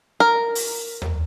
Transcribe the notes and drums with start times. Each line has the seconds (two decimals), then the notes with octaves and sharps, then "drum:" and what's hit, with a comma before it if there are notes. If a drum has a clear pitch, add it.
0.20 A#4
0.55 drum: open hi-hat
1.02 drum: tom D#2